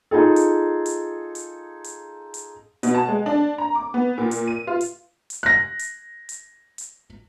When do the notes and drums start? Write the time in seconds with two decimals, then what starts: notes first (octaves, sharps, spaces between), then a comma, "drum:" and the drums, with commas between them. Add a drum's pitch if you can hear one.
0.11 D#4 F4 G#4 A4
0.36 drum: hi-hat
0.86 drum: hi-hat
1.35 drum: hi-hat
1.84 drum: hi-hat
2.34 drum: hi-hat
2.83 B2, drum: hi-hat
2.94 A5
3.08 G#3
3.26 D4
3.58 A#5
3.75 D6
3.94 B3
4.18 A#2
4.31 drum: hi-hat
4.48 D#7
4.67 F4
4.81 drum: hi-hat
5.30 drum: hi-hat
5.43 F#6 A#6
5.79 drum: hi-hat
6.29 drum: hi-hat
6.78 drum: hi-hat